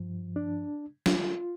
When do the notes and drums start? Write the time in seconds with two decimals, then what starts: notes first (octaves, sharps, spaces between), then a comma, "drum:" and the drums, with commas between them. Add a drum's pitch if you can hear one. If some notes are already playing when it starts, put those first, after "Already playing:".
Already playing: G2 F3
0.36 D4
1.06 F4, drum: snare